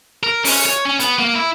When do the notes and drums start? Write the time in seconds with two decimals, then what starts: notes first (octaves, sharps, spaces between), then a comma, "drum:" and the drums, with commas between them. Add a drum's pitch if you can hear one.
0.23 A#4
0.45 C#4, drum: open hi-hat
0.66 C#5
0.85 C#4
1.00 B3, drum: hi-hat
1.19 A#3
1.35 E4